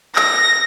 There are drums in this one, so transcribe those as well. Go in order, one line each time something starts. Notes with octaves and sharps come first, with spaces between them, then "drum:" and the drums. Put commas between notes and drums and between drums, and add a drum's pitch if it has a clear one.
A#6, drum: clap